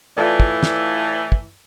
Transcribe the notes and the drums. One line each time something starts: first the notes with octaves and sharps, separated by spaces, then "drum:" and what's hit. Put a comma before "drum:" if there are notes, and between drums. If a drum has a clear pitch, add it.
A2 E3 F4 A4 D5
drum: kick
drum: snare
drum: kick